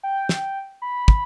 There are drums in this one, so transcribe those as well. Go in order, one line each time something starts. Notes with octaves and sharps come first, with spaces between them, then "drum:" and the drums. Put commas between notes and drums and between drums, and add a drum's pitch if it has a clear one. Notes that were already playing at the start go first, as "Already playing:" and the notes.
G5
drum: snare
B5
drum: kick